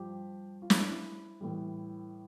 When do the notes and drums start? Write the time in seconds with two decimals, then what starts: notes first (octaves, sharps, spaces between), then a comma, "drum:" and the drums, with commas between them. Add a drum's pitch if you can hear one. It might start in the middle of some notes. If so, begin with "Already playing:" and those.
Already playing: G2 F3 G4
0.62 F4
0.70 E4, drum: snare
0.80 D4
0.88 E4
1.41 A2 E3 G3